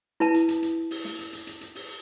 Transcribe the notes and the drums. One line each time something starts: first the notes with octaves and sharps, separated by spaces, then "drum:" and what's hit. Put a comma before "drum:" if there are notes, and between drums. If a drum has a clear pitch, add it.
E4 B4 A5, drum: snare
drum: hi-hat
drum: hi-hat
drum: hi-hat
drum: open hi-hat
drum: snare
drum: hi-hat
drum: hi-hat
drum: hi-hat
drum: hi-hat
drum: open hi-hat